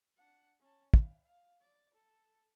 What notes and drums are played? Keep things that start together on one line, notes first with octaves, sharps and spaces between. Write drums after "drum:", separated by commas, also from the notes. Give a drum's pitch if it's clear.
D4 F#5
C#4 A5
F5, drum: kick
F5
D5
A4